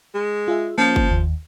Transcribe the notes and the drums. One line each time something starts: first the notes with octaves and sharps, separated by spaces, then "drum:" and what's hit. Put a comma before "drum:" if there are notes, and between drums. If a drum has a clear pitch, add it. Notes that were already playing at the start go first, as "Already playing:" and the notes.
G#3
F4 G#4 E5
F3 A#3 C#4
drum: kick F#1
D#2